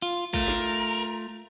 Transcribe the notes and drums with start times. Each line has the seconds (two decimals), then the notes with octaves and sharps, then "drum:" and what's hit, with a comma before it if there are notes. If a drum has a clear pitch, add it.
0.02 F4
0.34 A3 F4 A#4, drum: kick
0.48 drum: snare